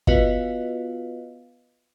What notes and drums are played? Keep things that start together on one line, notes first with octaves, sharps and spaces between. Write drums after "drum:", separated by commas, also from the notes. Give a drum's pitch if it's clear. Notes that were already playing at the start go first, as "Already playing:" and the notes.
B3 F4 F#4 B4 D#5 F5, drum: kick